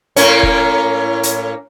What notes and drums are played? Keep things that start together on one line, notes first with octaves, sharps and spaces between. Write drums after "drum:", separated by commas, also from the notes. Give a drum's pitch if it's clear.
A2 A#3 C#4, drum: hi-hat
drum: kick F1
drum: hi-hat